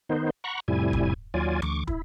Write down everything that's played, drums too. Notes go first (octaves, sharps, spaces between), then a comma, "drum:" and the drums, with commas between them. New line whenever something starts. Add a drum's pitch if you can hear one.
D#3 B3 D#4 C5
F#5 A#5 B5 C#6
F2 A2 C3 G3 E4 G#5
drum: kick
D#2 F#3 F4 D5 G#5
D2 C#6 D6, drum: tom E3
E4, drum: kick